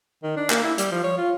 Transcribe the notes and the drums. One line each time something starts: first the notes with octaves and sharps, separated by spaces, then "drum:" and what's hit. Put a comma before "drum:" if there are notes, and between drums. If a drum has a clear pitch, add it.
D#3
D4
A#3, drum: clap
E4
G3, drum: hi-hat
F3
C#5
F4